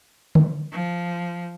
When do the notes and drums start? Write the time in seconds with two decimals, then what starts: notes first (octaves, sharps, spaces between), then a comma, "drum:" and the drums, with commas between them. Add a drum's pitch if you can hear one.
0.35 drum: tom D3
0.70 F3